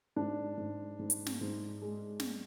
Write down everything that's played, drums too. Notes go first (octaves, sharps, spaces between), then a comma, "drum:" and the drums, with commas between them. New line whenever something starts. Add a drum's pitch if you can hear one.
G#2 D4
G#2
G#2
drum: hi-hat
drum: snare
G#2
G#3
drum: snare